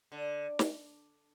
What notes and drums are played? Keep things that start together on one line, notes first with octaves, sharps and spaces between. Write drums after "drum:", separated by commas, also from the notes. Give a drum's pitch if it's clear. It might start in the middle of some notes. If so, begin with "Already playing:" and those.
D3
drum: snare